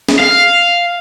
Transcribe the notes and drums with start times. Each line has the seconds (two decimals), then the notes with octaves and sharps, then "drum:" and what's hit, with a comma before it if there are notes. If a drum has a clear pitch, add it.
0.09 drum: snare
0.19 F5